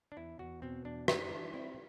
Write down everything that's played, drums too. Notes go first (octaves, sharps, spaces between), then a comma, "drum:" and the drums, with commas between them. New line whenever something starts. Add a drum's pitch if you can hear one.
D4
E2 E4
E2 F#4
B2 C4
E2 D4
F#2, drum: rim click
E3 D4
C4 E4